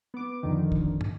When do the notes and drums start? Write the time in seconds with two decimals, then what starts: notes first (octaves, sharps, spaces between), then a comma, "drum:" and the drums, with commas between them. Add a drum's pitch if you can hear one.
0.14 B3 D6
0.43 F2 D3 D#3
0.72 drum: kick
1.01 drum: tom